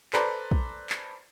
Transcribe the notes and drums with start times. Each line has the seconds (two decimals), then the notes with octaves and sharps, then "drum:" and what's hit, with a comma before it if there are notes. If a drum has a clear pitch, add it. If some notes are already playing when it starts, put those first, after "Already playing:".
0.13 A4 B4 C5 D5 A#5, drum: clap
0.51 drum: kick
0.90 drum: clap